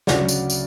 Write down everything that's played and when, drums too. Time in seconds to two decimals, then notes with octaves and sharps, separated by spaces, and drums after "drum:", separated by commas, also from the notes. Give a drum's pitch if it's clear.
0.07 D2 C#3 F#3 D5 F#5, drum: snare
0.28 drum: tambourine
0.50 drum: tambourine